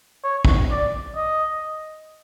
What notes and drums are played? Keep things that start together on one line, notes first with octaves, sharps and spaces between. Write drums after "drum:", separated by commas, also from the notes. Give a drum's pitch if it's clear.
C#5
drum: kick
D5
D#5